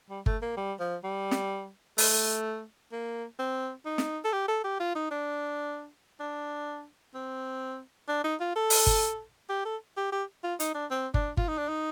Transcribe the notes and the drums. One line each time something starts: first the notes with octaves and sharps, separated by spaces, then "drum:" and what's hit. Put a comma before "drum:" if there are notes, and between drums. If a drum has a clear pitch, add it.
G3
A3, drum: kick G1
A#3
G3
F3
G3
drum: snare
A3, drum: open hi-hat
A#3
C4
D#4
drum: snare
A4
G4
A4
G4
F4
D#4
D4
D4
C4
D4
D#4
F4
A4
drum: open hi-hat
drum: kick G1
G4
A4
G4
G4
F4
D#4, drum: hi-hat
D4
C4
D4, drum: kick G1
F4, drum: kick G1
D#4
D4
D#4